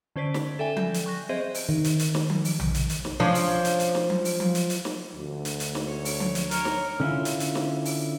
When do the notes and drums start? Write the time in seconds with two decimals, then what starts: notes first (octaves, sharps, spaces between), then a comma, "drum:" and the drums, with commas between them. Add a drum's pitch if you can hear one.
0.16 D3 C#4 C5 D5 B6
0.34 drum: snare
0.59 A4 D5 E5 G5 G#5
0.77 G6 A#6, drum: tom F3
0.94 drum: hi-hat
1.06 C#6 F#6 A#6
1.29 C4 G#4 C5 D#5 E5
1.54 drum: open hi-hat
1.69 D#3
1.84 drum: hi-hat
2.00 drum: hi-hat
2.15 drum: snare
2.30 drum: tom F3
2.45 drum: open hi-hat
2.60 drum: tom A#1
2.75 drum: hi-hat
2.90 drum: hi-hat
3.05 drum: snare
3.20 F3 C#4 D4
3.35 drum: open hi-hat
3.65 drum: hi-hat
3.80 drum: hi-hat
3.95 drum: snare
4.10 drum: tom F3
4.25 drum: open hi-hat
4.40 drum: tom F3
4.55 drum: hi-hat
4.70 drum: hi-hat
4.85 drum: snare
5.15 D2
5.45 drum: hi-hat
5.60 drum: hi-hat
5.75 drum: snare
5.87 C#5
6.05 drum: open hi-hat
6.20 drum: tom F3
6.35 drum: hi-hat
6.51 A#4 C#5, drum: hi-hat
6.65 drum: snare
7.00 D3 C#4 E4 F4
7.25 drum: hi-hat
7.40 drum: hi-hat
7.55 drum: snare
7.85 drum: open hi-hat